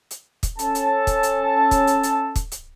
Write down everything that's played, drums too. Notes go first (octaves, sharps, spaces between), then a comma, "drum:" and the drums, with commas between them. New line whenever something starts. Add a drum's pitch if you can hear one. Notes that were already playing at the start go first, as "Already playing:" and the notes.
drum: hi-hat
drum: kick, hi-hat
C#4 A4 A5, drum: hi-hat
drum: hi-hat
drum: kick, hi-hat
drum: hi-hat
drum: kick, hi-hat
drum: hi-hat
drum: hi-hat
drum: kick, hi-hat
drum: hi-hat